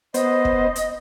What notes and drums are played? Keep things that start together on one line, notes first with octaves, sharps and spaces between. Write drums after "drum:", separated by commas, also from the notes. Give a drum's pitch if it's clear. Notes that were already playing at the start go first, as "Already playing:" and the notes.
B3 C5 D#5, drum: hi-hat
drum: kick
drum: hi-hat